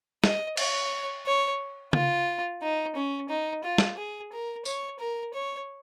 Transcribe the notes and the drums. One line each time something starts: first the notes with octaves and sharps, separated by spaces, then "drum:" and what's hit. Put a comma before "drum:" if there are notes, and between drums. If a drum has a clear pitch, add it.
D#5, drum: snare
C#5, drum: cymbal
C#5
F4, drum: tom C#3
D#4
C#4
D#4
F4
drum: snare
G#4
A#4
C#5, drum: tambourine
A#4
C#5